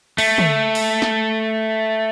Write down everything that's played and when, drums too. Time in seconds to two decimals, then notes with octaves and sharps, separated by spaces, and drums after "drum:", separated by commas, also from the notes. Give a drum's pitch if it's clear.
0.18 A3, drum: open hi-hat
0.38 drum: tom
0.75 drum: open hi-hat
1.02 drum: snare